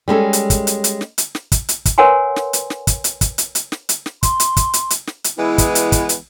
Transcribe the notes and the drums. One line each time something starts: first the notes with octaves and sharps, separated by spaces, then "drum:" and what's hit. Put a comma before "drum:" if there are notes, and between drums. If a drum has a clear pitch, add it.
G3 G#3 C#4 A4
drum: hi-hat
drum: kick, hi-hat
drum: hi-hat
drum: hi-hat
drum: snare
drum: hi-hat
drum: snare
drum: kick, hi-hat
drum: hi-hat
drum: kick, hi-hat
A#4 B4 C#5 F#5 G#5 C6
drum: snare
drum: hi-hat
drum: snare
drum: kick, hi-hat
drum: hi-hat
drum: kick, hi-hat
drum: hi-hat
drum: hi-hat
drum: snare
drum: hi-hat
drum: snare
C6, drum: kick, hi-hat
drum: hi-hat
drum: kick, hi-hat
drum: hi-hat
drum: hi-hat
drum: snare
drum: hi-hat
E3 G#3 B3 E4
drum: kick, hi-hat
drum: hi-hat
drum: kick, hi-hat
drum: hi-hat